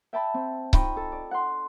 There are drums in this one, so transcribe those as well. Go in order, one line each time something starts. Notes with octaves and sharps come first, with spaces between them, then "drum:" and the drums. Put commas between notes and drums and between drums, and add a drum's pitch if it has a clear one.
E5 G5 A5 B5
C4
D#4 F4 D#5 G5 B5 C#6, drum: kick C#1
A4
D5
F#5 C6